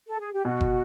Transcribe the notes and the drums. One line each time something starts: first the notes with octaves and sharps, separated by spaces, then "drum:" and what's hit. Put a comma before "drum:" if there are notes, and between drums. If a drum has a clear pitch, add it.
A4
G#4
G4
B2 F#4
drum: kick F#1